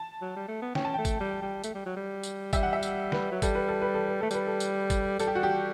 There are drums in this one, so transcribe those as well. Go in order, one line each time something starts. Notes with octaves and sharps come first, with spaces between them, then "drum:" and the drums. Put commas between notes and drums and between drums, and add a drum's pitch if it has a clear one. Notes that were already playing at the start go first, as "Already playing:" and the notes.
Already playing: A5
F#3
G3
A3
B3
C#4 G5, drum: snare
A5
A3 G5
drum: kick, tambourine
G3
G3
A3, drum: tambourine
G3
F#3
G3
drum: tambourine
G3 E5, drum: kick, tambourine
F#5
E5
drum: tambourine
B4, drum: snare
F#3
G3 A4, drum: kick, tambourine
B4
A4
B4
A4
B4
A3 A4
G3 B4, drum: tambourine
A4
drum: tambourine
drum: kick, tambourine
G3 A4, drum: tambourine
G4
F#4
G4